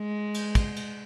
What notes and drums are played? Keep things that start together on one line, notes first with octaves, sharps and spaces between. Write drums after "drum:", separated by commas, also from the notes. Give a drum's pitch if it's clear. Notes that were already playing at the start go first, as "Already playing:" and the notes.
Already playing: G#3
drum: cymbal
drum: kick, cymbal
drum: cymbal